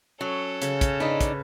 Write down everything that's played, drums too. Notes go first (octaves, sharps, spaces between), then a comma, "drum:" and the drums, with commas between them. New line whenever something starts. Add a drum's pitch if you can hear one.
F#3 C#4 A4
C#3, drum: hi-hat
drum: kick, hi-hat
D4 D#4 B4
drum: kick, hi-hat